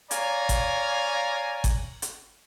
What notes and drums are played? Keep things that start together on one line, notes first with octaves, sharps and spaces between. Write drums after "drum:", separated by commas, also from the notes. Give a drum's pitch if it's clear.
C#5 D5 F5 G#5 A#5, drum: hi-hat
drum: kick G1, hi-hat
drum: kick G1, hi-hat
drum: hi-hat